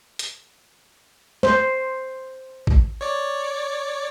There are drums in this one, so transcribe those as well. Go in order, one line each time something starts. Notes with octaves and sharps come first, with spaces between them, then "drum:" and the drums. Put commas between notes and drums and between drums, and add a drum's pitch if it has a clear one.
drum: hi-hat
C5, drum: snare
drum: kick A1
C#5 D5